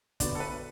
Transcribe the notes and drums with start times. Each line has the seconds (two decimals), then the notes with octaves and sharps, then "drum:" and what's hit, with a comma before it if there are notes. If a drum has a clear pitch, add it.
0.20 D3 B3 F#4 D5, drum: kick, hi-hat
0.35 A4
0.40 B4